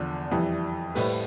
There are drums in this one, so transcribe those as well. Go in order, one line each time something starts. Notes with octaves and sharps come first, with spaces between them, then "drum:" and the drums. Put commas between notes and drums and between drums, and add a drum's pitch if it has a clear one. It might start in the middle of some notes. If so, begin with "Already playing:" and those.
Already playing: E2 D3 F3
F2 E3 G3
A2 G3 B4, drum: open hi-hat